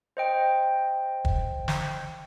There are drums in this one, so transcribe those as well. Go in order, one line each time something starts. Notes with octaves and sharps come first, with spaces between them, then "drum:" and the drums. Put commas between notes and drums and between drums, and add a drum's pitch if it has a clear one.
C5 D#5 G5
drum: kick
drum: snare